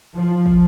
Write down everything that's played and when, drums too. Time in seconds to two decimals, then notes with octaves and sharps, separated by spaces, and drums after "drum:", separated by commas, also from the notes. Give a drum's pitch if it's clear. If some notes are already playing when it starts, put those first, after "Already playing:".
0.15 F3
0.46 drum: kick